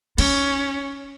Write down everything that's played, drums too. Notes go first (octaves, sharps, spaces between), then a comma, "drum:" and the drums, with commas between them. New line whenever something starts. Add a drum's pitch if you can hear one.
C#4 D#4, drum: cymbal